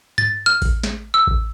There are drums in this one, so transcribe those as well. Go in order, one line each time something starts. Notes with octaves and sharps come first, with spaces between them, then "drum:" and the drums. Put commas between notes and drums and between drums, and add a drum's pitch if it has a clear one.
A6, drum: tom G#2
F6
drum: kick A1, open hi-hat
drum: snare
E6
drum: kick A1